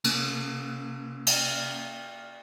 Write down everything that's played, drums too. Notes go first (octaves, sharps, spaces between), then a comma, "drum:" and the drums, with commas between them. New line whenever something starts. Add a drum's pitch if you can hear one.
C3 A#3 C#4, drum: cymbal
drum: cymbal